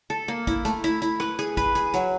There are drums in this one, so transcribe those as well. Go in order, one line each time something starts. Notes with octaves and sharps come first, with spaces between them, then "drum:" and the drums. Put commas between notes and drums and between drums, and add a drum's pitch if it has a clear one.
A4
A#3
E4, drum: kick, hi-hat
A3, drum: hi-hat
E4, drum: hi-hat
E4, drum: hi-hat
B4, drum: rim click
G#4, drum: hi-hat
B4, drum: kick, hi-hat
G#4, drum: hi-hat
F#3, drum: hi-hat